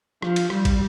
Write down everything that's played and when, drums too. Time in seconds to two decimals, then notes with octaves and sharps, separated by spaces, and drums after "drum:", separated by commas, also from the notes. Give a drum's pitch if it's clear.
0.22 F3, drum: rim click
0.36 drum: cymbal
0.50 G3, drum: rim click
0.65 drum: kick, cymbal